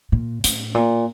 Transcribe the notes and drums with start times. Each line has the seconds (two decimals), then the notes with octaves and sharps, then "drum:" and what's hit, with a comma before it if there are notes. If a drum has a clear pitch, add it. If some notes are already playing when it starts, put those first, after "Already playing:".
0.12 A#2
0.44 A2, drum: hi-hat
0.75 A#2